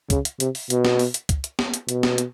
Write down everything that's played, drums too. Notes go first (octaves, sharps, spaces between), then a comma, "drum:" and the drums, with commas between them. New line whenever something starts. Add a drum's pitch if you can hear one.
C#3, drum: kick C#2, hi-hat
drum: hi-hat
C3, drum: hi-hat
drum: open hi-hat
B2, drum: hi-hat
drum: snare B3
drum: open hi-hat
drum: hi-hat
drum: kick C#2, hi-hat
drum: hi-hat
drum: snare B3
drum: hi-hat
B2, drum: hi-hat
drum: snare B3
drum: hi-hat